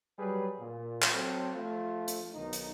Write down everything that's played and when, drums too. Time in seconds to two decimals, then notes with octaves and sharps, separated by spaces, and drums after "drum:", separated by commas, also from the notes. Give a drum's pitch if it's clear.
0.18 F#3 G3 G#4 B4
0.59 A#2
1.02 drum: clap
1.13 F#3 C4 A4
1.55 F3 A3 F4
2.08 drum: hi-hat
2.34 B1 D#3 D#4
2.53 drum: hi-hat